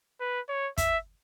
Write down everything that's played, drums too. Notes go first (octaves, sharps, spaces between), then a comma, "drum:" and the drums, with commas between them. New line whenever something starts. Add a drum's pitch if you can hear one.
B4
C#5
E5, drum: kick, hi-hat